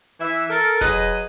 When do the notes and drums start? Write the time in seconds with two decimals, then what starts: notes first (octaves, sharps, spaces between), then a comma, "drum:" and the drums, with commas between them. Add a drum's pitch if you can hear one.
0.20 E3 E5, drum: hi-hat
0.49 A4 A#4
0.81 F#3 G#4 B4 D#5, drum: snare E1